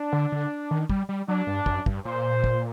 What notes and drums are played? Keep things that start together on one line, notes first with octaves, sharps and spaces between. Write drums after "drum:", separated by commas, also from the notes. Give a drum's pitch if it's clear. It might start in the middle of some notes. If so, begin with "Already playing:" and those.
Already playing: D4
D3
D3
D#3
G3, drum: kick
G3
F#3 D4
G2
F#2, drum: kick
G2, drum: kick
A#2 C5
drum: kick